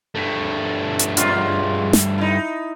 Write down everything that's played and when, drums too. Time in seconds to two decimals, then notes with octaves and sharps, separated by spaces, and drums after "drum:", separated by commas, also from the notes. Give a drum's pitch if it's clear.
0.15 G2 A3
0.99 drum: hi-hat
1.17 F#2 G#3 F4, drum: hi-hat
1.93 drum: snare
2.18 D#4 E4